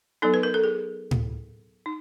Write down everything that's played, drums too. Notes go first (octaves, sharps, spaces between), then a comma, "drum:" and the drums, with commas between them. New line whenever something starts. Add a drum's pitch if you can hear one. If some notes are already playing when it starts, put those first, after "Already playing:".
F#3 B3 D#4 A4
B4
A#4
A4
G#4
drum: tom A2
D#4